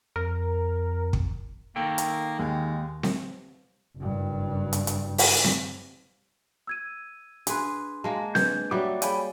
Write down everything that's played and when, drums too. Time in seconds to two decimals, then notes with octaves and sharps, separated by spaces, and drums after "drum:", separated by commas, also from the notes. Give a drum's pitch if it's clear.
0.16 F2 A#4
1.13 drum: kick
1.76 D#3 A#3 A4 G5
1.98 drum: hi-hat
2.39 D#2 G#3
3.03 drum: snare C4
3.97 F#1 G2
4.73 drum: hi-hat
4.87 drum: hi-hat
5.18 drum: open hi-hat
5.44 drum: snare C4
6.67 E6 G#6 D#7
7.47 D4 G#4 B4 C6, drum: hi-hat
8.04 G#3 A#3 A5
8.35 D4 B4 G6 G#6, drum: snare C4
8.71 F#3 G3 E5 F#5 D6
9.02 G#4 C#5 F5 G5 G#5 B5, drum: hi-hat